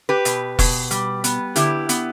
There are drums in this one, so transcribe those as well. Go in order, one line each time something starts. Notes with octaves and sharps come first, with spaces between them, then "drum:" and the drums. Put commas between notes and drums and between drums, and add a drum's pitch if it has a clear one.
G4 B4
B2, drum: hi-hat
B2, drum: kick E1, open hi-hat
G3, drum: hi-hat
B3, drum: hi-hat
D3 E4 G4, drum: hi-hat
B3, drum: hi-hat